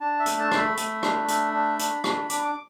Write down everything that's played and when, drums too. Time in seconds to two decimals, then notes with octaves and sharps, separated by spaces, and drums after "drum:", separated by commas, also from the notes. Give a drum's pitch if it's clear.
0.01 D4 A5
0.20 E5
0.26 A3, drum: hi-hat
0.40 A5
0.52 A3, drum: rim click
0.58 B5
0.77 A3, drum: hi-hat
1.03 D4, drum: rim click
1.28 A3, drum: hi-hat
1.53 D4
1.79 D4, drum: hi-hat
2.04 D4, drum: rim click
2.30 D4 D6, drum: hi-hat
2.45 D6